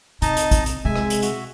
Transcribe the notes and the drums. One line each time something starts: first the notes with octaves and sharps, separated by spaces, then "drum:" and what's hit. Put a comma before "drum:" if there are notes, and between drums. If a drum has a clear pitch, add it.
C3 D#4 D#5 A5, drum: hi-hat
drum: hi-hat
drum: kick, hi-hat
drum: hi-hat
C3 G#3 E5 G#5
drum: rim click
drum: hi-hat
F#4 E5, drum: hi-hat